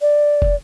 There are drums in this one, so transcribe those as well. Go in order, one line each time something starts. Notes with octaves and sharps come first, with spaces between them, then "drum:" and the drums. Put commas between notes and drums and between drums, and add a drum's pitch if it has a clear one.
D5
drum: kick